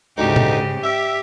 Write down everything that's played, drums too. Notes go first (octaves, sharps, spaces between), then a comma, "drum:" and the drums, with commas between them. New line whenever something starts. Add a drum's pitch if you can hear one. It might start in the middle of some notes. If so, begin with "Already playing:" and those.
D2 G#2 C#3 D#4 G4
drum: tom A#2
G4 E5 E6